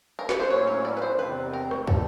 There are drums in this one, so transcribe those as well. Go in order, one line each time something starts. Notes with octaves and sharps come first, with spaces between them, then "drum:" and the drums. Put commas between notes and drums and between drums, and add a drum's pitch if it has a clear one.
A#4
B4, drum: snare
C5
A2 F#3 A#3 C#4 E4 C#5
C#5
D5
B4
C5
E2 C3 D#3 G3 C4 B4
A#4
drum: rim click
C3 E3 G3 A4, drum: kick